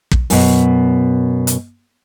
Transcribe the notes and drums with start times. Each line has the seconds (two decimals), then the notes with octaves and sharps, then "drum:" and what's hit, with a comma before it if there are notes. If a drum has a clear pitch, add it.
0.11 drum: kick
0.30 F#2 B2, drum: open hi-hat
1.47 drum: hi-hat